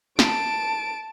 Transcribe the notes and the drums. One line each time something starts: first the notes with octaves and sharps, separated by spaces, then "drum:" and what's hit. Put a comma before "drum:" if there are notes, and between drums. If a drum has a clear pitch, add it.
A5 D7, drum: snare